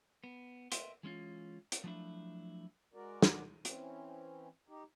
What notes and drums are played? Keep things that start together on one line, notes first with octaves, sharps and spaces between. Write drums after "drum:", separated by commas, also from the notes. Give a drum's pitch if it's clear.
B3
A#4 B4 D#5 E5 G5 C6, drum: hi-hat
E3 G#3 C#4 F4
drum: hi-hat
F3 F#3 A3 D4 E4
G#3 F#4 A#4 D5
drum: snare
E3 C4 C#4, drum: hi-hat
D#4 G4